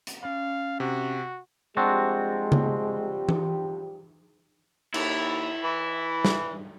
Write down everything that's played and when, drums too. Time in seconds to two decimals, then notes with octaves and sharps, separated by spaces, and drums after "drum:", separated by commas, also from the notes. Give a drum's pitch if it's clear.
0.07 drum: hi-hat
0.23 C#4 D5 F5 B5
0.80 C3 F#4
1.77 F3 G3 G#3 C4 D4 F#4 G4
2.52 drum: tom C#3
3.29 drum: tom E3
4.94 D#2 E4, drum: cymbal
5.64 E3
6.25 drum: snare